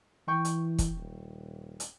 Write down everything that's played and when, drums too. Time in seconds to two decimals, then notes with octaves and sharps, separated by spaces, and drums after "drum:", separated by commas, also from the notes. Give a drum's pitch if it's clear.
0.28 E3 G5 C#6
0.45 drum: hi-hat
0.78 drum: kick, hi-hat
0.97 D#1
1.80 drum: hi-hat